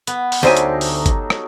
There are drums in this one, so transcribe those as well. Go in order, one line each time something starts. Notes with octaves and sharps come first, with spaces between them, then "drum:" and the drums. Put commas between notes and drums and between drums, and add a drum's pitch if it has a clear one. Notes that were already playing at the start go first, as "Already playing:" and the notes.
B3, drum: hi-hat
drum: open hi-hat
D2 F#3 D#4 G4 A4 C5 G#5
drum: hi-hat
drum: open hi-hat
drum: kick G1, hi-hat
drum: rim click